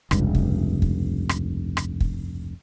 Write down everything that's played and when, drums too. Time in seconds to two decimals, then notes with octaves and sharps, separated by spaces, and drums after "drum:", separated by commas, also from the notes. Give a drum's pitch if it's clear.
0.11 F1 C#2 G2, drum: rim click
0.35 drum: kick
0.82 drum: kick
1.29 drum: rim click
1.77 drum: rim click
2.00 drum: kick